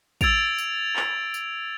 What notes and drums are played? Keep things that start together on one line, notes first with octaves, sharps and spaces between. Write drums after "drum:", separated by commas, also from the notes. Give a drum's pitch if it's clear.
E6 G#6 A6 D7 F7, drum: kick, tambourine
drum: tambourine
drum: clap
drum: tambourine